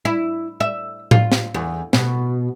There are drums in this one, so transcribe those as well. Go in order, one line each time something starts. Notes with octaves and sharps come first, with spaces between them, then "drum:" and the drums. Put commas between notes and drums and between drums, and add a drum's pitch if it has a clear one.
E4
E5
F4, drum: tom A2
drum: snare
E2
B2, drum: snare